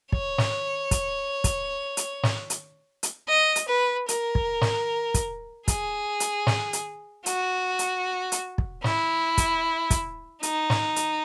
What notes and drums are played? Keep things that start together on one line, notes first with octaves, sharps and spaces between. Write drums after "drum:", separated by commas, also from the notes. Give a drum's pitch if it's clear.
C#5, drum: kick
drum: snare
drum: kick, hi-hat
drum: kick, hi-hat
drum: hi-hat
drum: snare
drum: hi-hat
drum: hi-hat
D#5
drum: hi-hat
B4
A#4, drum: hi-hat
drum: kick
drum: snare
drum: kick, hi-hat
G#4, drum: kick, hi-hat
drum: hi-hat
drum: snare
drum: hi-hat
F#4, drum: hi-hat
drum: hi-hat
drum: hi-hat
drum: kick
E4, drum: snare
drum: kick, hi-hat
drum: kick, hi-hat
D#4, drum: hi-hat
drum: snare
drum: hi-hat